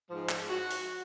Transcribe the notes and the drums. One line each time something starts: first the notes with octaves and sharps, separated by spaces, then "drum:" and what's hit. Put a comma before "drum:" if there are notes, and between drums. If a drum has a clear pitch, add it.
G#2 F3
drum: clap
F#4
drum: open hi-hat